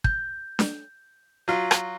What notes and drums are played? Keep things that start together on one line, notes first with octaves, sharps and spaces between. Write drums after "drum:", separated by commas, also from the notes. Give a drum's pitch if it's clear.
G6, drum: kick
drum: snare D4
F#3 F4
drum: rim click